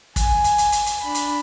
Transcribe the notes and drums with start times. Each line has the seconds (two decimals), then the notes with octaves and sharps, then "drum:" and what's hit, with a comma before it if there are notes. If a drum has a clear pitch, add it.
0.16 G#5, drum: kick, hi-hat
0.44 drum: hi-hat
0.58 drum: hi-hat
0.72 drum: hi-hat
0.86 drum: hi-hat
1.02 D4 B5
1.15 drum: hi-hat